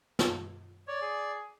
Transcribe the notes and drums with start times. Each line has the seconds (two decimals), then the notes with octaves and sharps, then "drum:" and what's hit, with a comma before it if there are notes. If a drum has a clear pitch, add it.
0.19 drum: snare
0.88 C#5 D5
1.01 G#4